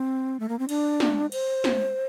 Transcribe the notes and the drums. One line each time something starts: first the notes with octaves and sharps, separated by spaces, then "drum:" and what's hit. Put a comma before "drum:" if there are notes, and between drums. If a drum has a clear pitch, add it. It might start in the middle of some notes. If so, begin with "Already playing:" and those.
Already playing: C4
A3
A#3
C4
D4, drum: cymbal
drum: snare
C5, drum: cymbal
drum: snare